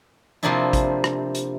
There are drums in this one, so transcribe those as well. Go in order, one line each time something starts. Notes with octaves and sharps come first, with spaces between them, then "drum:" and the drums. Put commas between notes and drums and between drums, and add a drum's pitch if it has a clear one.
C3 F3 A#3 C4 D4 E4
drum: kick A1, hi-hat
drum: rim click
drum: hi-hat